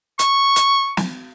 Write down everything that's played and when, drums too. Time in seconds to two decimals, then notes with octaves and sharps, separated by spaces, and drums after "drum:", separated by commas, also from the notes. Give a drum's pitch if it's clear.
0.19 C#6, drum: hi-hat
0.56 drum: hi-hat
0.97 drum: snare